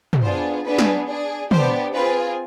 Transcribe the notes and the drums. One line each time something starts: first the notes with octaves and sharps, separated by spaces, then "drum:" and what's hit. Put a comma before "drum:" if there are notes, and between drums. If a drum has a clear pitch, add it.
drum: tom
B3 D4 F4 G#4 C5
B3 D4 G#4 B4
drum: snare
D4 G#4
B3 D4 G4 C5, drum: tom
C4 F4 G#4 B4